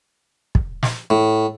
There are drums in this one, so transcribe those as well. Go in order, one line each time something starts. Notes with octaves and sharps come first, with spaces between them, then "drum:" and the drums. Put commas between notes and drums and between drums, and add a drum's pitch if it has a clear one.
drum: kick
drum: snare
A2